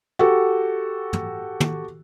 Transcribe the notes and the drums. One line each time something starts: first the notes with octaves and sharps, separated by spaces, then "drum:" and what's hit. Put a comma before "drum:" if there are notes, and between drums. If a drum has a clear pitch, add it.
F#4 G4 A4
drum: tom
drum: tom